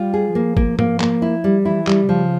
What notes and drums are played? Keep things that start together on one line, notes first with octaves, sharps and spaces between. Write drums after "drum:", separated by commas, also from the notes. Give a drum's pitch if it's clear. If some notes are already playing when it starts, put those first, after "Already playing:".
Already playing: G3 F4
G#4
F3 A#3
A#3, drum: kick
A#3, drum: tom G#2
A#3, drum: clap
E4
G3
E3 E4
G3, drum: clap
C#3 F3